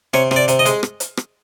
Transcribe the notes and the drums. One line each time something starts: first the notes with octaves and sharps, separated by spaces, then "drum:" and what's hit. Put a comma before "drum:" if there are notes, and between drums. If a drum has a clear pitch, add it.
C3 C#5, drum: rim click
C3, drum: rim click
D5
C3, drum: hi-hat
D#5
G#3, drum: hi-hat
drum: rim click
drum: hi-hat
drum: rim click